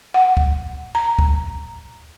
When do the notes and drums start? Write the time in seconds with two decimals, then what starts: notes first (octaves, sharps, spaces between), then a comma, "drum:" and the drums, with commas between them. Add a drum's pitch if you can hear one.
0.14 F#5
0.37 drum: kick
0.95 A#5
1.19 drum: kick